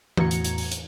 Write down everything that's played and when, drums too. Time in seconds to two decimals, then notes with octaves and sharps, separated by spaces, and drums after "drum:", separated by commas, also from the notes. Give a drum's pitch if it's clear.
0.17 E2 A2 F#4 A#5 G#6 C#7, drum: tom E3
0.31 drum: hi-hat
0.44 drum: hi-hat
0.58 drum: open hi-hat
0.72 drum: hi-hat